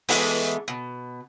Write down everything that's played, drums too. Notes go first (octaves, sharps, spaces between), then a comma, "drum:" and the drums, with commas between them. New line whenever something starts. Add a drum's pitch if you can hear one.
E3 G#3 A3 B3, drum: open hi-hat
B2